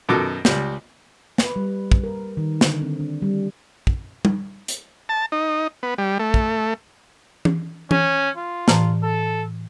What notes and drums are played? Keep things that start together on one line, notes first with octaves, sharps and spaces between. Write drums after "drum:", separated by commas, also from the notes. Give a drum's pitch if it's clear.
F#2 B2 D#3 A4 D6
C#2 G3, drum: snare
B4, drum: snare
G3
drum: kick
A#4
D#3
D3, drum: snare
C4
D4
G3
drum: kick
drum: tom G3
drum: hi-hat
A5
D#4
B3
G3
A3
drum: kick
drum: tom E3
C#4, drum: tom E3
F4
A2 E3 A5, drum: snare
A4